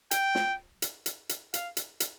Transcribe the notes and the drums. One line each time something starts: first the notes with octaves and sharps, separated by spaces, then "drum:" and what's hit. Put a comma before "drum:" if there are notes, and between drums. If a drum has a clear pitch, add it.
G5, drum: hi-hat
drum: snare
drum: hi-hat
drum: hi-hat
drum: hi-hat
F5, drum: hi-hat
drum: hi-hat
drum: hi-hat